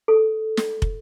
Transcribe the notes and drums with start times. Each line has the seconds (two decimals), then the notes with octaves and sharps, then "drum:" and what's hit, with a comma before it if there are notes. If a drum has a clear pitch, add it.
0.08 A4
0.57 drum: snare
0.82 drum: kick